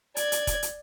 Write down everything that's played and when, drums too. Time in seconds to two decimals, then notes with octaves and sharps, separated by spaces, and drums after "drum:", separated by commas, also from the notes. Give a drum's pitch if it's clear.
0.17 D5 G#6, drum: hi-hat
0.32 drum: hi-hat
0.47 drum: kick E1, hi-hat
0.62 drum: hi-hat